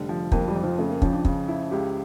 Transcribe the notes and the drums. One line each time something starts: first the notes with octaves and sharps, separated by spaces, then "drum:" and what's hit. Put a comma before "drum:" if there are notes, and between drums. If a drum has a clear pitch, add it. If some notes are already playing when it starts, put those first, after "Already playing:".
Already playing: F1 D3 G3
F3
F2 A#3, drum: kick
G3
F2
F3
C#3 A3
A#3
F3 C#4, drum: kick
D4
C#3 F4, drum: kick
E4
C#2 G4